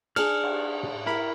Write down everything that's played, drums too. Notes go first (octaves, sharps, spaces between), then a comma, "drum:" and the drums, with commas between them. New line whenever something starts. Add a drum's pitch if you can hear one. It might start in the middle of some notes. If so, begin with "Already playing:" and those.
D4 G#4 F6, drum: cymbal
drum: cymbal
drum: tom
E4 A#4 B5, drum: snare